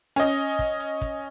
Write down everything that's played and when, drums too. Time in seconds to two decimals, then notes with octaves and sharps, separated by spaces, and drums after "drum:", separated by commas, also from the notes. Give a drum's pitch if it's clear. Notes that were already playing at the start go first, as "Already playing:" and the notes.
0.16 C#4 D#5, drum: hi-hat
0.59 drum: kick, hi-hat
0.80 drum: hi-hat
1.01 drum: kick, hi-hat